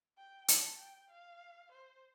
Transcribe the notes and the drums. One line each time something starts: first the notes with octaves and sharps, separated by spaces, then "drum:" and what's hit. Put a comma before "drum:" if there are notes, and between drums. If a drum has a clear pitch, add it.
G5
A5, drum: hi-hat
G5
F5
C5